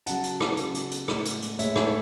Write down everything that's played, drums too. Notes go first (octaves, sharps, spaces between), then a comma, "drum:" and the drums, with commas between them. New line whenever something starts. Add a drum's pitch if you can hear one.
C#3 F#3 F#5 A5, drum: hi-hat
drum: hi-hat
drum: rim click
C#3 F#3, drum: hi-hat
drum: hi-hat
drum: hi-hat
A2 G#3, drum: rim click
drum: hi-hat
drum: hi-hat
A2 G#3 C#5 E5, drum: hi-hat
A4 C#5, drum: rim click